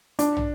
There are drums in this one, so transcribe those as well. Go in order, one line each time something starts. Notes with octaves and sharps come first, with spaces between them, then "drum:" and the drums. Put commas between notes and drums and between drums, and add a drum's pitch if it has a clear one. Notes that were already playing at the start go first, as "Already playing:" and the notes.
D4, drum: hi-hat
drum: tom